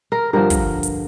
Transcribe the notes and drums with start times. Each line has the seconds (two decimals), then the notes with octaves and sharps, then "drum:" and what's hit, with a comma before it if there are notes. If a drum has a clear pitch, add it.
0.12 A#4
0.33 G2 D3 F3 A#4
0.50 drum: kick, hi-hat
0.83 drum: hi-hat